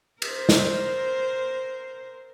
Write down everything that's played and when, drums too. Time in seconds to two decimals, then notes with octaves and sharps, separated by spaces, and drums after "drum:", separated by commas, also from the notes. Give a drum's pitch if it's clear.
0.22 A#4 C5, drum: cymbal
0.49 drum: snare